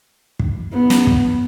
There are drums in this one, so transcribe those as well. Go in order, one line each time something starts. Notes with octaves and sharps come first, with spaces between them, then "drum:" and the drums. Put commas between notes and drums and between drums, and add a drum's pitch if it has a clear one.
drum: kick
B3
drum: snare
drum: kick